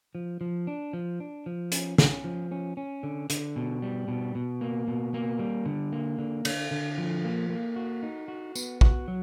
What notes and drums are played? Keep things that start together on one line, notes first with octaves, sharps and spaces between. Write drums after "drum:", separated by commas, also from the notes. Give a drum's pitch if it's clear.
F3
F3
D4
F3
D4
F3
C#4, drum: hi-hat
C#4, drum: snare
F3
C#4
C#4
D3
D3, drum: hi-hat
B2
G3
B2
B2
A#3
B2
A#3
G3
D3
A#3
D3
D3, drum: cymbal
D3
F3
A#3
A#3
F#4
D#4
F#4
B3, drum: tambourine
F#4, drum: kick
F#3